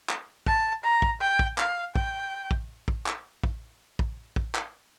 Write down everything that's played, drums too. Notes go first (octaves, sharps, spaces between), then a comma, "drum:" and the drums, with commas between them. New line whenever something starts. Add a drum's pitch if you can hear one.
drum: clap
A5, drum: kick
A#5
drum: kick
G5
drum: kick
F5, drum: clap
G5, drum: kick
drum: kick
drum: kick
drum: clap
drum: kick
drum: kick
drum: kick
drum: clap